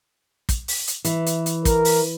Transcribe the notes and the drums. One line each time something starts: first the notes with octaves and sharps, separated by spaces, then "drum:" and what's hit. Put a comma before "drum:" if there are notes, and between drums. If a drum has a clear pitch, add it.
drum: kick, hi-hat
drum: open hi-hat
drum: hi-hat
E3, drum: hi-hat
drum: hi-hat
drum: hi-hat
A#4, drum: kick, hi-hat
drum: open hi-hat